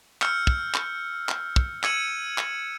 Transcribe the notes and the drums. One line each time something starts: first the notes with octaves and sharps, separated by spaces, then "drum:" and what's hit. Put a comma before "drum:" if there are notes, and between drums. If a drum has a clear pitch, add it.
E6 F6 G6 C#7, drum: clap
drum: kick
drum: clap
drum: clap
drum: kick
E6 G#6 C#7 D#7 E7 F#7, drum: clap
drum: clap